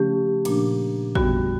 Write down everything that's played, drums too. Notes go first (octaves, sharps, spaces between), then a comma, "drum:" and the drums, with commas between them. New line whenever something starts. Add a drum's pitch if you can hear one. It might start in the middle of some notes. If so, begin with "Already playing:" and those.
Already playing: C#3 F3 A3 C#4 G4
A#2 F3 A#3 D4, drum: cymbal
F2 D3 G3 B3 F#4, drum: kick A1